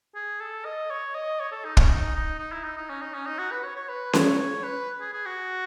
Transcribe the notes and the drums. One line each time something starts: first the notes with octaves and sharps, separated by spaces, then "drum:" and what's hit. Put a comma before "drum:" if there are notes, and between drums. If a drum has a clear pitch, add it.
G#4
A4
D#5
C#5
D#5
C#5
A4
D#4
C#4, drum: kick
D#4
D#4
D#4
E4
D#4
D#4
C#4
D#4
C#4
D#4
F#4
B4
C#5
C#5
B4
C#5, drum: snare C#4
C#5
B4
G#4
G#4
F#4